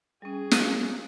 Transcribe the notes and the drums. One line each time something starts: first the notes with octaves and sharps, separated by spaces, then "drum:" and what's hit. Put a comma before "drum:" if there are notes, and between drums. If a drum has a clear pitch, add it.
G3 C#4 G#4
drum: snare